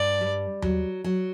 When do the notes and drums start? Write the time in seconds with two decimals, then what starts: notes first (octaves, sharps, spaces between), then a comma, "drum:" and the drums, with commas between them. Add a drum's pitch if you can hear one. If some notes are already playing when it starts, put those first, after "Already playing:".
Already playing: G2 D5
0.21 G3
0.62 F#3, drum: tom D#2
1.04 F#3